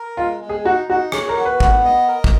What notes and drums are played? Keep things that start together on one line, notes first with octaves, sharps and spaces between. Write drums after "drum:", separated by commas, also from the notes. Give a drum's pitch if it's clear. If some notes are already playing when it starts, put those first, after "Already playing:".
Already playing: A#4
G#3 F4
G#3
G#4
D#4 F#4
D#4 F#4
G#4 C#5, drum: rim click
A#4
F#4
B4
B3, drum: kick
D#5
A#4
drum: kick